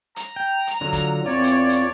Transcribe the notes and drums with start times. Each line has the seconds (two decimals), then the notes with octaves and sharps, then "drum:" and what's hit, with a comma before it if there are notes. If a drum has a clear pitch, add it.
0.16 A#5, drum: hi-hat
0.36 G5
0.67 drum: hi-hat
0.81 D3 F#3 F4
0.93 drum: kick, hi-hat
1.26 E2 C4 F4 C#5 D5
1.44 drum: hi-hat
1.69 drum: hi-hat